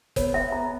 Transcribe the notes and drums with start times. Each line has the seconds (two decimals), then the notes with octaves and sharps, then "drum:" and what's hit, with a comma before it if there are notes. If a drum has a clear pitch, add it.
0.16 B3 C#5, drum: kick F#1, hi-hat
0.34 E5
0.52 B3 A#5